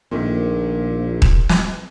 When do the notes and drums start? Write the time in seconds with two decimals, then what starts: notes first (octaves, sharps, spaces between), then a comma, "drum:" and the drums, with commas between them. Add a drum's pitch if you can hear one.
0.11 A#1 A#2 D#3 A3
1.22 drum: kick D#1
1.49 drum: snare